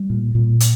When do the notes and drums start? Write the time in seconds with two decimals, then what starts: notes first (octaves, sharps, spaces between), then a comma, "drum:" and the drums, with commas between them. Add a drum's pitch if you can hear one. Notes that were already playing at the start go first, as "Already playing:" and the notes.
Already playing: G3
0.10 A#2
0.35 A#2
0.60 drum: hi-hat